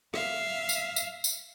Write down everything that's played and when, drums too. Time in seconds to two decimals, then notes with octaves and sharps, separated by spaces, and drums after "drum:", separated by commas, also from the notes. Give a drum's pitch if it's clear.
0.14 E5 F5, drum: rim click
0.69 drum: tambourine
0.96 drum: tambourine
1.24 drum: tambourine